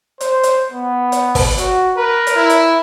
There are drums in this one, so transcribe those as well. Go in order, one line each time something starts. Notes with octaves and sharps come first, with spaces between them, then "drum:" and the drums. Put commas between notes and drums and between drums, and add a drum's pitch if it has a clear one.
C5, drum: hi-hat
drum: hi-hat
B3
drum: hi-hat
drum: kick, open hi-hat
F#4, drum: hi-hat
A#4 B4
drum: hi-hat
E4
drum: hi-hat